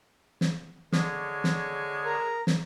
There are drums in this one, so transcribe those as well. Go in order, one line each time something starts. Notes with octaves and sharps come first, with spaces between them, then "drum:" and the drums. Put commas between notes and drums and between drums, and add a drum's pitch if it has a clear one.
drum: snare
D3 G#3 C#5, drum: snare
drum: snare
A#4 A#5
drum: snare